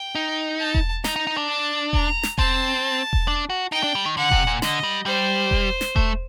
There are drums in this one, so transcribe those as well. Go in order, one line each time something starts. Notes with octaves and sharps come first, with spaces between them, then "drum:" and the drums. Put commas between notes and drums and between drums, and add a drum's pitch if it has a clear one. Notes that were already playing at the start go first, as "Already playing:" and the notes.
Already playing: G5
D#4
A5
drum: kick E1
D#4 A#5, drum: snare
D#4
D#4
D4
A5
A#5, drum: kick E1
drum: snare
C4 A5, drum: kick E1
drum: kick E1
D4
F#4
D#4 G5
D4
G3
D#3
D3 F#5
C3, drum: kick E1
A#2
D3 D#5, drum: snare
G3
G3 C5
drum: kick E1
drum: snare
A3, drum: kick E1